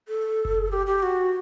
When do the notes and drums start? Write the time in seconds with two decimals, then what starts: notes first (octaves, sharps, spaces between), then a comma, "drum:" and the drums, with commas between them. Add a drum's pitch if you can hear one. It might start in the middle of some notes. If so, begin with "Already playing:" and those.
0.08 A4
0.45 drum: kick F#1
0.71 G4
0.86 G4
1.03 F#4